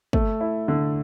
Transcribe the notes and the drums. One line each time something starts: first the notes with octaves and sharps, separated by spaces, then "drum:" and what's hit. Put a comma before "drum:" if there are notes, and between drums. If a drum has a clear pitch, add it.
A3, drum: kick
E4
D3